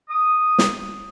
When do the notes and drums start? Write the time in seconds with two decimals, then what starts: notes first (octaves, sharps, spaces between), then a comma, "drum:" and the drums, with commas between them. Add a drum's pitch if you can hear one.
0.09 D#6
0.58 drum: snare